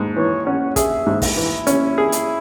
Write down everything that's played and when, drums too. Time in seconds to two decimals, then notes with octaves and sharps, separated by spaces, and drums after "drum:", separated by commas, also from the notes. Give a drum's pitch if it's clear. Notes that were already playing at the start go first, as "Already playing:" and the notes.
Already playing: G#2
0.16 E3 C#5
0.47 C#4 F#5
0.76 G#4 E5, drum: kick, hi-hat
1.06 G#2
1.22 E4, drum: kick, open hi-hat
1.37 E3
1.67 C#4, drum: hi-hat
1.98 G#4
2.12 drum: hi-hat